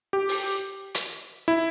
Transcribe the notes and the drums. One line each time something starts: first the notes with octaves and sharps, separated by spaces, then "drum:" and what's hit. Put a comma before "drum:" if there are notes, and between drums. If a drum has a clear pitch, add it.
G4
drum: open hi-hat
drum: hi-hat
E4